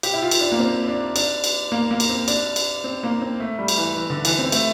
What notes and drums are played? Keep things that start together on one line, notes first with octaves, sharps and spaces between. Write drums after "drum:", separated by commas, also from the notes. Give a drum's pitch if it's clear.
G4, drum: cymbal
E4
F4
drum: cymbal
D4
A#3
C4
D4
D4, drum: cymbal
drum: cymbal
A#3
A#3
drum: cymbal
C4
D4, drum: cymbal
drum: cymbal
C4
A#3
C4
A3
G3
drum: cymbal
E3
E3
D3
E3, drum: cymbal
C4
A3, drum: cymbal